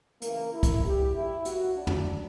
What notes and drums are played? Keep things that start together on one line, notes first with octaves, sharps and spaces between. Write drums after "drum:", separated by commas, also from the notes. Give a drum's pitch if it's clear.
E2 C#3 E3 A#3, drum: hi-hat
E4
drum: kick, hi-hat
E2 D3 G3 G4
E4
A#2 F#3 F#4, drum: hi-hat
D4
drum: tom